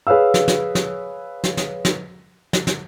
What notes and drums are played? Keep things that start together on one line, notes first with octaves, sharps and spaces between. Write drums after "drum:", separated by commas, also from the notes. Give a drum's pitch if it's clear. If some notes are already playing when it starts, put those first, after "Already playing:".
G#4 B4 C#5 F5 E6
drum: snare
drum: snare
drum: snare
drum: snare
drum: snare
drum: snare
drum: snare
drum: snare